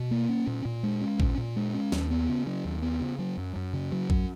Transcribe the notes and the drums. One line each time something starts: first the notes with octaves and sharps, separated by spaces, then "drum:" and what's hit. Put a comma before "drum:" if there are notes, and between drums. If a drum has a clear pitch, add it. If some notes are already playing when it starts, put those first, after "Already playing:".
Already playing: B2
A#3
C#4
A#2
A#2
G#3
C#4
A#2, drum: kick A1
A#2
G#3
C#4
D#2, drum: snare
B3
C#3
F#3
D#2
B3
C#3
F#3
F#2
F#2
C#3
F#3
F#2, drum: kick A1